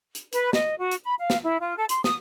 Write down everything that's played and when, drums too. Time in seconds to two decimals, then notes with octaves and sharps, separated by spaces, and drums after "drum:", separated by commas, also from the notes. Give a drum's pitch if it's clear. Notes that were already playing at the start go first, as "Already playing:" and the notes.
0.15 drum: hi-hat
0.33 B4, drum: hi-hat
0.53 D#5, drum: snare
0.79 F#4
0.91 drum: hi-hat
1.04 B5
1.20 F5
1.30 drum: snare
1.45 E4
1.61 F4
1.77 A4
1.89 C6, drum: hi-hat
2.04 D#6, drum: snare